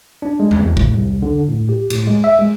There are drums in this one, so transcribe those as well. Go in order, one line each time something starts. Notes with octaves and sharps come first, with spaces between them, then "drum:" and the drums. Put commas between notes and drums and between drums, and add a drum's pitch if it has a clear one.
D4
G#3
drum: tom E2
E2
A2, drum: kick
C2
D3
A2
G4
A2, drum: cymbal
G#3
E5
G#3